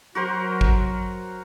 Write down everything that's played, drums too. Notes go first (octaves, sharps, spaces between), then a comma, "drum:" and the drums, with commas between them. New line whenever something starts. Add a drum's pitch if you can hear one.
F#3 F#4 A#4 C5
drum: kick G#1